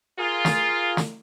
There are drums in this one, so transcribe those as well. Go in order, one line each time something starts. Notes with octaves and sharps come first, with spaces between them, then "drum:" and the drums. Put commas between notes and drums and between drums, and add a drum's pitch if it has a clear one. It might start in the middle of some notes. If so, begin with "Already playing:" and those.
F4 G#4 A#4
drum: snare
drum: snare